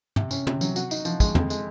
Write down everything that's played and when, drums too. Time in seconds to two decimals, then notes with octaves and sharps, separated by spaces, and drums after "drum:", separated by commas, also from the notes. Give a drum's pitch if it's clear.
0.16 C3, drum: tom
0.31 C#4, drum: tambourine
0.47 C3, drum: tom
0.61 F#3, drum: tambourine
0.76 F#4, drum: tambourine
0.91 D#4, drum: tambourine
1.05 F3, drum: tambourine
1.20 G#3, drum: kick, tambourine
1.35 F2, drum: tom
1.50 G#3, drum: tambourine